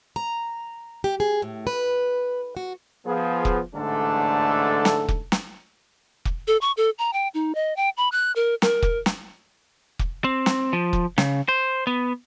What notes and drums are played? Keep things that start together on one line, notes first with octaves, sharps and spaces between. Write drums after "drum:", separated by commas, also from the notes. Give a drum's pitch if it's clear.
A#5
G4
G#4
A2
B4
F#4
F3 B3 G#4
drum: kick
A1 G#2 D3 A3 D4 A4
drum: snare
drum: kick
drum: snare
drum: kick
A4
C#6
A4
A#5
G5
D#4
D#5
G5
B5
F#6
A#4
A#4, drum: snare
drum: kick
drum: snare
drum: kick
C4
drum: snare
F3
drum: kick
C#3, drum: snare
C5
B3